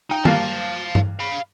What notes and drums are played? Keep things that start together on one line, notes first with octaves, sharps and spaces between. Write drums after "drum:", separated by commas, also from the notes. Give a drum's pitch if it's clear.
D#4 G5
G2 A#3 F5 A5, drum: tom
drum: tom G2
F5 B5